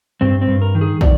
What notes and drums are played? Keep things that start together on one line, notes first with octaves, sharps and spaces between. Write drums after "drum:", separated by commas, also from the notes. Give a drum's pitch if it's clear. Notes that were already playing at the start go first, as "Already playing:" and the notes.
G2 C4
C4
G2
A#4
D#3
G#4
D#3 D5, drum: kick